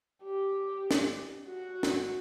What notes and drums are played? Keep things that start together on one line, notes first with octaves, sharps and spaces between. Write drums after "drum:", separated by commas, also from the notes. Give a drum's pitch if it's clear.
G4
drum: snare
F#4
drum: snare